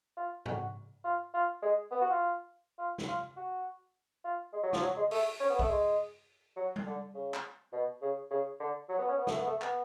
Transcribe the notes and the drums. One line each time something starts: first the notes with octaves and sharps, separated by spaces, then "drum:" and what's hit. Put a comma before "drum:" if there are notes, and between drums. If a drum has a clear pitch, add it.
F4
F#4, drum: tom G#2
F4
F4
G#3
B3
F#4
F4
F4
drum: snare
F4
F#4
F4
G#3
F#3
F3, drum: snare
F#3
G#3
A3, drum: open hi-hat
C#4
B3
A3, drum: kick
G#3
F#3
drum: tom G3
D3
C#3
drum: clap
B2
C#3
C#3
D3
F#3
B3
C#4
B3
A3, drum: snare
B3
A3
B3, drum: clap